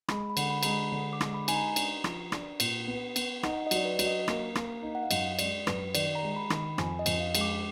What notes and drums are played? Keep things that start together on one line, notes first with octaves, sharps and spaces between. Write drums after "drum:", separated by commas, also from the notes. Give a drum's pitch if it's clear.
G#3 B5, drum: rim click
B5
D3, drum: cymbal
B5
G#3 A#5, drum: cymbal
B5
D3
D6
G#3, drum: rim click
B5
D#4 G#5, drum: cymbal
A#5
D4, drum: cymbal
F3, drum: rim click
D4, drum: rim click
A#2, drum: cymbal
B3
B3, drum: cymbal
D#4 F#5, drum: rim click
D#5
F#3 D5, drum: cymbal
B4
F#3, drum: cymbal
D#5
A#3, drum: rim click
A#3, drum: rim click
D#4
F#5
F5
F#2 D#5, drum: cymbal
G#3 D5, drum: cymbal
F#2 B4, drum: rim click
D#3 D5, drum: cymbal
A#5
G#3
B5
D#3, drum: rim click
B5
F2 G#5, drum: rim click
D#5
F2, drum: cymbal
F5
G#3, drum: cymbal
D6